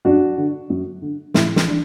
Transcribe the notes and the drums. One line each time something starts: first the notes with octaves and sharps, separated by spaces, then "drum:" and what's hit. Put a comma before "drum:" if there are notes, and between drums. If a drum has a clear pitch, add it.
F#2 D4 F#4
D3
F#2
D3
A2 E4, drum: snare
drum: snare
E3 D4